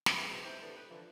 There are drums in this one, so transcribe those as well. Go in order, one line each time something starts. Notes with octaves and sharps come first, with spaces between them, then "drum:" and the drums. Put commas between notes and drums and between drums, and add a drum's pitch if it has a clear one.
drum: snare
F#2 G#3 B3 E4
B2 G#3 C4
C4 D#4 E4 G4 C5
A2 C3 E3 B3 D4 A4
G4 B4
D3 E3 F3